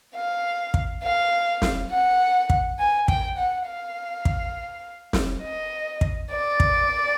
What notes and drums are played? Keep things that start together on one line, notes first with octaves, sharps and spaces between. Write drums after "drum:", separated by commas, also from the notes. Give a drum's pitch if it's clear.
F5
drum: kick
F5
drum: snare
F#5
drum: kick
G#5
G5, drum: kick
F#5
F5
drum: kick
drum: snare
D#5
drum: kick
D5
drum: kick